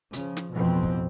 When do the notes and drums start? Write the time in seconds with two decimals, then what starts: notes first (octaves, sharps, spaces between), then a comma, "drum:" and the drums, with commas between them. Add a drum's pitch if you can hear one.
0.13 C#3 F3, drum: hi-hat
0.37 drum: snare
0.53 A1 F2 B2 E3 F3 C4
0.83 drum: kick